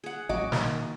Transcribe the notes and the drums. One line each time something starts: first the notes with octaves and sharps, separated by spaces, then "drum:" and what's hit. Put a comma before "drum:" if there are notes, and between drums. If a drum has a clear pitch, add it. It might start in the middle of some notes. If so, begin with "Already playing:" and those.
G#4 F#5
A1 F#3 F#4 D#5 D6
B2 D#3 A#3, drum: snare